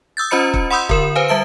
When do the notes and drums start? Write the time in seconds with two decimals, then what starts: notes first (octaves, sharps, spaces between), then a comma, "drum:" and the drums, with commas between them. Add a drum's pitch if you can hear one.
0.17 D#6 E6 G6 A6
0.31 C#4 F4 C5 D#5 B5 C#7
0.54 drum: kick
0.70 F#5 B5 C6 D#6 E6 G6
0.89 D3 A#4 E7, drum: kick
1.15 B4 C5 F5 G#5
1.29 G3 E5 A5 D7